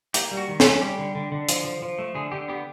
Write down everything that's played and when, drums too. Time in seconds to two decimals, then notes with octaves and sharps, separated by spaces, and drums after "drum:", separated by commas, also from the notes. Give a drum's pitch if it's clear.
0.14 A#3 G4, drum: hi-hat
0.31 G3
0.37 F#4
0.48 D#3
0.60 F4, drum: snare
0.65 C#4
0.81 G3 G4
0.98 D3
1.15 D3
1.32 D3
1.49 F3, drum: hi-hat
1.65 F3
1.82 F3
1.99 A3
2.15 D3 G#4
2.32 D3 G4
2.48 B3 G4